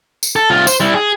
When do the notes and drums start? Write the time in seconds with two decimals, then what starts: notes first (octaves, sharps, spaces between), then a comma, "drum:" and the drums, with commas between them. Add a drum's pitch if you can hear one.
0.23 drum: tambourine
0.36 A4
0.50 C2 F4
0.67 C5, drum: tambourine
0.80 G3 E4
0.94 G#4